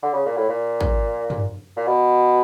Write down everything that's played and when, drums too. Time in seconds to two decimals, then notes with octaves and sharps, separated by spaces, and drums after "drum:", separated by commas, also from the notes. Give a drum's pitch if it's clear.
0.03 D3
0.14 C#3
0.26 A#2
0.37 A2
0.49 A#2
0.81 drum: kick
1.30 drum: tom
1.77 A#2
1.88 B2